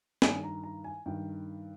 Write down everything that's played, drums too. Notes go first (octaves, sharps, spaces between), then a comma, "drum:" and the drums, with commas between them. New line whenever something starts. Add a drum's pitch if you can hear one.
G2 D#3 G#5, drum: snare
A#5
A#5
G#5
G2 D#3 G5